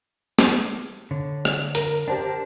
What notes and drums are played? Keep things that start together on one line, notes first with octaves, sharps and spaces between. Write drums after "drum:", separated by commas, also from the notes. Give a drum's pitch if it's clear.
drum: snare
D3 C#5
drum: rim click
A#4, drum: hi-hat
D4 G4 A#4 C5 A5